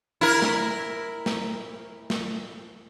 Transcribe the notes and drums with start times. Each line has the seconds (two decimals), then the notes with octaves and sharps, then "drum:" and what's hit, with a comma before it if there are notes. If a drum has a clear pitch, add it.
0.21 E4 A#4
0.42 drum: snare
1.26 drum: snare
2.10 drum: snare